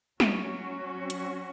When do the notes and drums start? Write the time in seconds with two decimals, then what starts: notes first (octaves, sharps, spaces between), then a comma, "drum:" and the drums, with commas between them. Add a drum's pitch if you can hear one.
0.20 F#3 C#4 F#4, drum: snare
1.10 drum: hi-hat